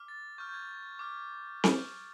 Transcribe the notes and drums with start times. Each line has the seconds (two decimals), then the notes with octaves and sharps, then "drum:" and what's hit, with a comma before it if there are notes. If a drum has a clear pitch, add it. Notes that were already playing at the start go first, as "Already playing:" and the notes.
Already playing: D6 F6
0.08 A6
0.38 C#6 F6 G6
0.49 G6
0.54 G#6
0.99 D6 F6
1.64 drum: snare C4